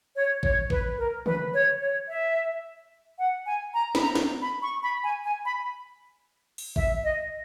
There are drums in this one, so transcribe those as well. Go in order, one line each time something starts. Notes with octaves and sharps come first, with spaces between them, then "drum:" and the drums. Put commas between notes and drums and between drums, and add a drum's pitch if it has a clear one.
C#5
C#5, drum: kick A1
B4, drum: kick A1
A#4
B4, drum: tom C#3
C#5
C#5
E5
F#5
G#5
A#5
B5, drum: snare
A#5
drum: snare
B5
C#6
B5
G#5
G#5
B5
drum: open hi-hat
E5, drum: kick A1
D#5